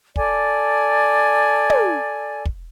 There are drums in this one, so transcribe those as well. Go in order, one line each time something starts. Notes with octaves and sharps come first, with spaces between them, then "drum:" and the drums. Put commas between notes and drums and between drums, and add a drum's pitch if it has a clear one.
A4 D5 G#5, drum: kick
drum: tom
drum: kick